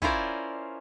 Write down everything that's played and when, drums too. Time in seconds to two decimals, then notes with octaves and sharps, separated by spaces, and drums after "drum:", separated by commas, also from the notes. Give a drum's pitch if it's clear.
0.02 C#4 E4 F4 A#4 C5 D5, drum: kick